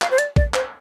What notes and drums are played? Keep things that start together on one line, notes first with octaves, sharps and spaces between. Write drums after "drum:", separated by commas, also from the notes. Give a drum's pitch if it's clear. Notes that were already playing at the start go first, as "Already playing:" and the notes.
F5, drum: clap
C5
D5, drum: hi-hat
D5, drum: kick
C5, drum: clap